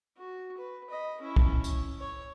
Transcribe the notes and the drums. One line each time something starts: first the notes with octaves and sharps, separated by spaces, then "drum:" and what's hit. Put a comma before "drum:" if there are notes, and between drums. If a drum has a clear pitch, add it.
F#4
B4
D#5 B5
C#4 E4
drum: kick
C#4, drum: tambourine
C#5